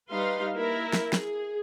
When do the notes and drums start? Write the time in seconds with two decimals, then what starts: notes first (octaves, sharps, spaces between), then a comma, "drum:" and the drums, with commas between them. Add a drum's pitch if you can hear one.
0.10 G3 D#4 B4 F5 C6
0.54 A#3 E4 A#4
0.93 drum: snare
1.13 G#4, drum: snare